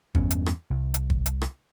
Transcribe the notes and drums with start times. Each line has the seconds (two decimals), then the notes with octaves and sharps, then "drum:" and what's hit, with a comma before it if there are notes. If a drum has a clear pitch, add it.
0.15 E2 G2 B3 C#4, drum: kick G1
0.31 drum: hi-hat
0.46 drum: rim click
0.70 C2
0.94 drum: hi-hat
1.10 drum: kick G1
1.26 drum: hi-hat
1.42 drum: rim click